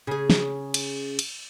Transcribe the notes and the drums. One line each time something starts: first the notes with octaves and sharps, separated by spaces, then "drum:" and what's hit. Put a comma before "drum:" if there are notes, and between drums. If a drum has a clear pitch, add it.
C#3 G#4
drum: snare
drum: cymbal
drum: cymbal